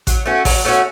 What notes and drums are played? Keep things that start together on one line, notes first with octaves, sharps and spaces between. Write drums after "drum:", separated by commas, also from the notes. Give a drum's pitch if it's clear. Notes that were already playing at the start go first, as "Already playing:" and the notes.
F#3, drum: kick A1, hi-hat
A3 C#4 F#4
F#3, drum: kick A1, open hi-hat
A3 C#4 F#4